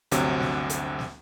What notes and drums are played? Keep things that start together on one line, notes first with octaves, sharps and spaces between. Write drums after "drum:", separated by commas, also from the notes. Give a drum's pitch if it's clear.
G1 D2 C3 F#3 C4, drum: hi-hat
drum: snare
drum: hi-hat
drum: snare